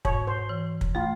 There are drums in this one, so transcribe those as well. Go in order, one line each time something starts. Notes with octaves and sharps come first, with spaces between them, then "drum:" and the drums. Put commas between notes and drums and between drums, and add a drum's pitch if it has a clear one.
G#2 C#5, drum: kick
C5
E3
drum: kick
A3 F4